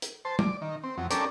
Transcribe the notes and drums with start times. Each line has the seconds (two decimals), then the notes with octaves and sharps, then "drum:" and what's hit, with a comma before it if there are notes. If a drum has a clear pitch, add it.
0.02 drum: hi-hat
0.25 C5 A5
0.39 D5, drum: tom
0.61 D#3
0.84 C4
0.98 F2 F#3
1.11 C#4 D4 G4 A4 A#4 D5, drum: hi-hat